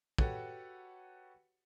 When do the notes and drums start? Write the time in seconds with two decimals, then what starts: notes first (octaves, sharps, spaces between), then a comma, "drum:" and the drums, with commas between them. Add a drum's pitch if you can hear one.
0.18 F#4 G4 A4 B4 C#5 F#5, drum: kick